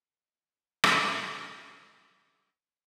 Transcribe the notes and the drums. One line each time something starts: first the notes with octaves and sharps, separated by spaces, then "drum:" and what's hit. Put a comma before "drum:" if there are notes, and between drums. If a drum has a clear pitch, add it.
D#4
F#3
drum: rim click
D#5
A#4
D#3
D4
E5
C5
C#4